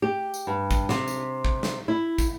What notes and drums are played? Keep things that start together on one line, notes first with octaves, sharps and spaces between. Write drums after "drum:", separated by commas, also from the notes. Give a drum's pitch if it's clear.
G4
drum: tambourine
G2
drum: kick, tambourine
C3, drum: snare
drum: tambourine
drum: kick
drum: snare
E4
drum: kick, tambourine